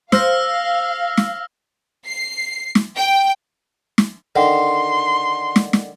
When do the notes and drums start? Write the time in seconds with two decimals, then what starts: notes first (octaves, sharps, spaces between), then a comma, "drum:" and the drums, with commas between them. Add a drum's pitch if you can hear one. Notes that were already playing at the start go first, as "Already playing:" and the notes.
0.12 C5 F5 E6 F6 A#6, drum: snare
1.17 drum: snare
2.06 C7
2.75 drum: snare
2.96 G5
3.98 drum: snare
4.36 D3 D#3 C6
5.56 drum: snare
5.73 drum: snare